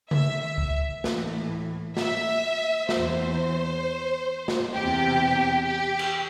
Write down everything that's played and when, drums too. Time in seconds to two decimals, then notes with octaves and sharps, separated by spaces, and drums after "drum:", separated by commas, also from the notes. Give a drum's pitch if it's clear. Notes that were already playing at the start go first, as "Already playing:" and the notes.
0.11 E5, drum: tom C#3
0.42 E5
0.58 drum: kick C#2
1.04 A2 E3, drum: snare
1.97 E5, drum: snare
2.89 E2 E3 C5, drum: snare
4.48 drum: snare
4.73 E2 C3 E3 G4
5.66 G4
5.99 drum: cymbal